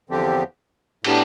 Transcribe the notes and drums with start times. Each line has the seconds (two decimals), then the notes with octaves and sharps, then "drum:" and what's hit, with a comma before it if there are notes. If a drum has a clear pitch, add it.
0.10 E2 D3 F3 C4 G4
1.04 A2 G3 B3 D4 G4, drum: cymbal